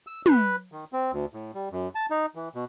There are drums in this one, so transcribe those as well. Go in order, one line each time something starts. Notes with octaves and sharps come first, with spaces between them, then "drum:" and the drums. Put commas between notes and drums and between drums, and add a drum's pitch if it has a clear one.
E6
B4, drum: tom
D#3
C4
D2
A2
G3
F#2
A5
D#4
E3
B2